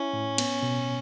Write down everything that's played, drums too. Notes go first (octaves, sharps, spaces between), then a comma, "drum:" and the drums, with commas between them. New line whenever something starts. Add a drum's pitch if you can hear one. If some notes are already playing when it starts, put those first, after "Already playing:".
Already playing: C#4 E4
A2
B3, drum: cymbal
B2